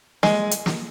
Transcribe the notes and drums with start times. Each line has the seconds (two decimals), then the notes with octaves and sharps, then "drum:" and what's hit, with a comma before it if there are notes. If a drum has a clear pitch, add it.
0.23 G#3, drum: snare
0.51 drum: hi-hat
0.66 drum: snare